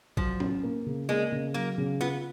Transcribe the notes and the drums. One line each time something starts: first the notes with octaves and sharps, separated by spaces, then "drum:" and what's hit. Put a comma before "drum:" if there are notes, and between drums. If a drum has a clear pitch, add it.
F3 F#3, drum: kick
C#4, drum: tom A2
A#3
C#3
G#3 A#3
C#3
F#3 A#3
C#3
B3 F4